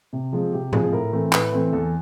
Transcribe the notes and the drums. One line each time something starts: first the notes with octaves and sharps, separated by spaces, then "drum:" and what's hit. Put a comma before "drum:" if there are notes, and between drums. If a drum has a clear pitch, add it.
C3
F3 G#3 C4
C3 G4
F3 G#3 C4 G#4, drum: tom G#2
A2 A#4
E3 A3 C4
A2 B4, drum: clap
E3 A3 C4
E2 A4